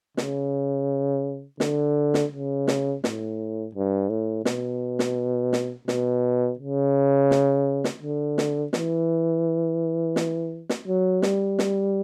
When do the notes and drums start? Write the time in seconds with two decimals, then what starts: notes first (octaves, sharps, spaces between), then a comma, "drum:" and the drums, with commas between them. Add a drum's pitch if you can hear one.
0.17 C#3, drum: snare
1.60 D3, drum: snare
2.14 drum: snare
2.32 C#3
2.67 drum: snare
3.04 A2, drum: snare
3.75 G2
4.10 A2
4.45 B2, drum: snare
4.99 drum: snare
5.53 drum: snare
5.88 B2, drum: snare
6.59 C#3
7.31 drum: snare
7.84 drum: snare
8.02 D3
8.38 drum: snare
8.73 E3, drum: snare
10.16 drum: snare
10.69 drum: snare
10.87 F#3
11.22 G3, drum: snare
11.59 drum: snare